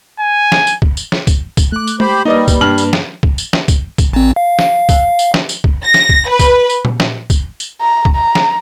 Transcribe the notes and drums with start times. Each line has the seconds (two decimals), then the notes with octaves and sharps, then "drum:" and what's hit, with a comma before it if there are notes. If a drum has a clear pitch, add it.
0.20 G#5
0.52 drum: snare
0.67 drum: tambourine
0.82 drum: kick
0.97 drum: tambourine
1.12 drum: snare
1.27 drum: kick, tambourine
1.57 drum: kick, tambourine
1.72 A3 D6 F#6
1.87 drum: tambourine
2.00 G4 C5 B5, drum: tom G#3
2.25 G3 A#3 D#4 B4 D5 D#5
2.48 drum: kick, tambourine
2.61 G2 F6 F#7
2.78 drum: tambourine
2.93 drum: snare
3.23 drum: kick
3.38 drum: tambourine
3.53 drum: snare
3.68 drum: kick, tambourine
3.98 drum: kick, tambourine
4.13 A1 C4
4.36 F5
4.59 drum: snare
4.89 drum: kick, tambourine
5.19 drum: tambourine
5.34 drum: snare
5.49 drum: tambourine
5.64 drum: kick
5.84 A#6
5.94 drum: snare
6.09 drum: kick
6.28 B4
6.39 drum: kick, tambourine
6.70 drum: tambourine
6.85 drum: tom A#2
7.00 drum: snare
7.30 drum: kick, tambourine
7.60 drum: tambourine
7.81 A#5
8.05 drum: kick
8.16 A#5
8.35 drum: snare